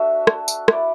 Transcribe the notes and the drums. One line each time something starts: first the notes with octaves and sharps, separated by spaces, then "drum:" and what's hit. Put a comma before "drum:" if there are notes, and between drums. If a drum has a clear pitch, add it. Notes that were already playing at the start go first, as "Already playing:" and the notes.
Already playing: D4 F#4 A4 E5
drum: rim click
drum: tambourine
E4 D5, drum: rim click